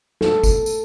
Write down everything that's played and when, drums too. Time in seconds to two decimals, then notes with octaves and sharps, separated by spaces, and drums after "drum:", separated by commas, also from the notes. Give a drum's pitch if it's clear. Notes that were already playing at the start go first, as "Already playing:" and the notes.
0.21 A4, drum: snare
0.44 drum: kick, tambourine
0.66 drum: tambourine